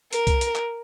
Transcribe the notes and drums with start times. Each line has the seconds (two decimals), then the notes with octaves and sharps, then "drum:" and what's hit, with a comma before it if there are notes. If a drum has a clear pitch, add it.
0.13 A#4, drum: hi-hat
0.27 drum: kick C2, hi-hat
0.41 drum: hi-hat
0.56 drum: clap